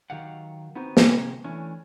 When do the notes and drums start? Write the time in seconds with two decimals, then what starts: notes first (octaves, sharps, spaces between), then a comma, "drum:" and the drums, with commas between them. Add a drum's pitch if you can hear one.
0.10 D#3 F#3 G4 F5 F#5
0.76 B3 C4 D#4 F#4 C5
0.97 C3 D#3 G4 G#4 A#4, drum: snare
1.44 E3 A3 C#4 D4